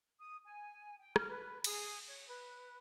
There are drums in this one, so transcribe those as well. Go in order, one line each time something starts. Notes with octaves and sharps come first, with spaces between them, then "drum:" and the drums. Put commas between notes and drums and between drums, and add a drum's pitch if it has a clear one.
D#6
G#5
G5
F6, drum: rim click
B4
G#4, drum: cymbal
C#5
B4